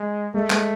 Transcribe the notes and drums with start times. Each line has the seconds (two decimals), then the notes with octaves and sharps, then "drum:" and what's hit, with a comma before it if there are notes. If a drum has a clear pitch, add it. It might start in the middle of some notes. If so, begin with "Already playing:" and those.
Already playing: G#3
0.34 G#3 A3
0.50 G#3, drum: clap